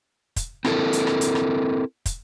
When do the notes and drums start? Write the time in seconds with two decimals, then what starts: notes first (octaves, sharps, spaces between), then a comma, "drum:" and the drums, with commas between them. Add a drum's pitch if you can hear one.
0.36 drum: kick, hi-hat
0.65 C4 E4 A4 A#4, drum: rim click
0.93 drum: hi-hat
1.07 drum: rim click
1.21 drum: hi-hat
1.35 drum: rim click
2.06 drum: kick, hi-hat